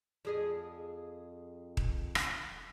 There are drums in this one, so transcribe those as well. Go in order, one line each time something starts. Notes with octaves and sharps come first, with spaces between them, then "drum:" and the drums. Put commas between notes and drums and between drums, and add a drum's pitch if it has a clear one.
F2 G#4 D#5
drum: kick D#1
drum: rim click